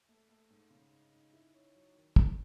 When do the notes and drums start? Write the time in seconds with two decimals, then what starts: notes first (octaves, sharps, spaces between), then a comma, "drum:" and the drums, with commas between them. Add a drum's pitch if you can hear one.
0.09 A3
0.29 A3
0.50 G#2
0.71 C#3
0.91 D#4
1.12 D#4
1.33 E4
1.54 C#4
1.75 F#3
1.95 D#3
2.16 D#3, drum: kick